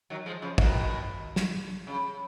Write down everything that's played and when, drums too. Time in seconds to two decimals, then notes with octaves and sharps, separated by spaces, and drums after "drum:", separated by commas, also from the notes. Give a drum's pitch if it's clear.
0.10 D#3 F#3
0.26 F3 G#3
0.42 C#3 F3
0.58 B2 D#3, drum: kick
1.36 drum: snare
1.87 C#3